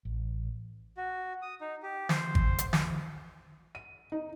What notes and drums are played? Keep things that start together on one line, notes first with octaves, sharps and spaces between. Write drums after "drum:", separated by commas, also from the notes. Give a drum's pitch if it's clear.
A1
F#4
D#6
D#4
G4
C5, drum: snare
drum: kick G#1
drum: hi-hat
drum: snare
D#7
D#4